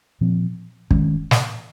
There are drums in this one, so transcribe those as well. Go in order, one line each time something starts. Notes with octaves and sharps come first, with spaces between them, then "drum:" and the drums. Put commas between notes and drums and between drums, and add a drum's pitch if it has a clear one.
A#2 F3 C4
D#3 G#3 C#4, drum: kick
drum: snare